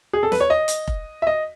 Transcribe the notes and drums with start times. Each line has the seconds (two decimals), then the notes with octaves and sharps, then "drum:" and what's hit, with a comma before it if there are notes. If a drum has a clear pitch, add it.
0.13 G#4
0.23 A4
0.32 B4, drum: snare
0.40 C#5
0.50 D#5
0.68 drum: hi-hat
0.88 drum: kick F1
1.22 E5
1.27 D#5